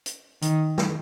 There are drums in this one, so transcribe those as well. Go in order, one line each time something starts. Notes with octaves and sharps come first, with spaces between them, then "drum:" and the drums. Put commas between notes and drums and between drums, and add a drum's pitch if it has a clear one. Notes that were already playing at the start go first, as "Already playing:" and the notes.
drum: hi-hat
D#3, drum: hi-hat
drum: snare